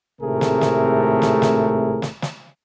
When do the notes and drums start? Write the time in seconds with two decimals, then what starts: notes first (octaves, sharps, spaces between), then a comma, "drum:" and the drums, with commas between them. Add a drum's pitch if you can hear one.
0.21 G#1 A2 C3 A3 G#4 A#4
0.41 drum: snare
0.61 drum: snare
1.22 drum: snare
1.42 drum: snare
2.02 drum: snare
2.22 drum: snare